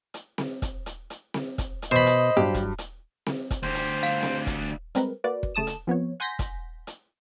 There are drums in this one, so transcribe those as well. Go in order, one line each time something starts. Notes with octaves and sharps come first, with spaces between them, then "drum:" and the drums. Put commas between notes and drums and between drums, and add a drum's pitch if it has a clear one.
drum: hi-hat
drum: snare C4
drum: kick, hi-hat
drum: hi-hat
drum: hi-hat
drum: snare C4
drum: kick, hi-hat
drum: hi-hat
B2 C5 D#5 B5
drum: hi-hat
G2 F#3 G4
drum: kick, hi-hat
drum: hi-hat
drum: snare C4
drum: kick, hi-hat
D2 G4 C5
drum: hi-hat
F5
drum: snare C4
drum: kick, hi-hat
G3 G#3 C4 A#4 B4, drum: hi-hat
A#3 F#4 B4 D5
drum: kick
C#3 A3 A5 D#6 E7
drum: hi-hat
F3 B3 C4 C#5
F#5 G#5 C6 G6 A#6 B6
drum: kick, hi-hat
drum: hi-hat